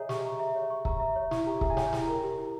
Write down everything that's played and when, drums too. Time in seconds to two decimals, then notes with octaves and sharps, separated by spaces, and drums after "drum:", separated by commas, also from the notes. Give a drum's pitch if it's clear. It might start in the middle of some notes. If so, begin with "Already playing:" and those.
Already playing: G#4 C#5 D#5 E5 A#5
0.09 G4 C#6, drum: snare
0.24 A#5
0.40 E5
0.55 C#5
0.70 C#6
0.85 A#5, drum: kick C#1
1.00 E5
1.16 C#5
1.31 E4 C#6, drum: snare
1.46 G4 A#5
1.61 G#4 E5, drum: kick C#1
1.70 G#5
1.77 C#5 G5, drum: snare
1.93 E4 A#5, drum: snare
2.08 A#4
2.23 G4
2.38 E4